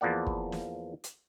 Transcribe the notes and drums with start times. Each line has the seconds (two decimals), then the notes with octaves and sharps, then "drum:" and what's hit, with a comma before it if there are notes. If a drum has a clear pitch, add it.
0.01 E2 F3 A#3 D5 F#5
0.27 drum: kick
0.52 drum: snare
1.04 drum: hi-hat